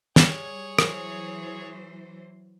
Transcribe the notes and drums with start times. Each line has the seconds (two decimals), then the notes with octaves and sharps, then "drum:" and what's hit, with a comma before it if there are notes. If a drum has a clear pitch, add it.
0.16 G3 G#4 C#5, drum: snare
0.79 E3 F#3 C5, drum: rim click